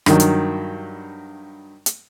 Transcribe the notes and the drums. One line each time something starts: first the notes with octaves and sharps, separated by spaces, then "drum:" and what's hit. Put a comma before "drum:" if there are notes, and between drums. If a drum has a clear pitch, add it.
G2 D#3 F#3, drum: rim click
drum: hi-hat
drum: hi-hat